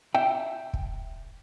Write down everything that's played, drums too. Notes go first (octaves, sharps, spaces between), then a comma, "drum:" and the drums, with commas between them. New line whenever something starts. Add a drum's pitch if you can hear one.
E5 G5
drum: kick